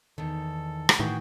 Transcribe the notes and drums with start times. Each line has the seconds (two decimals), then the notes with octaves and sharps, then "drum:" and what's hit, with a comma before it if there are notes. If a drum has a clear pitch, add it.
0.18 E2 D#3 A4
0.89 drum: rim click
1.00 A2 D#3 E3 F#4 G#4 G5